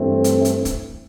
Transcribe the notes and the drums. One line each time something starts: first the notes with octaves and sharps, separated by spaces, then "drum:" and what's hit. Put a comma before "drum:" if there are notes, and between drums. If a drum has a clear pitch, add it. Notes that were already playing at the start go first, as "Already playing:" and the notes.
Already playing: G2 E3 A3 C4
drum: hi-hat
drum: hi-hat
drum: kick, hi-hat